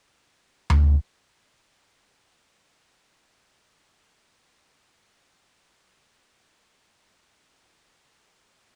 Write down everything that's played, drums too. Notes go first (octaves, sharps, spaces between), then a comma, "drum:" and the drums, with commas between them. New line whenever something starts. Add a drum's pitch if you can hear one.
F3 A3 D4 G4 C5
drum: tom D2
D4 G4 B4
F3 G#3 C#4
B3 D#4 G4 C5 D#5
D3 F3 A3 D4
F#3 A#3 C#4 E4
F#3 B3 D4 F4 A4
B3 D4 F4
D#4 F#4 B4 D#5
F#3 A#3 D#4 G#4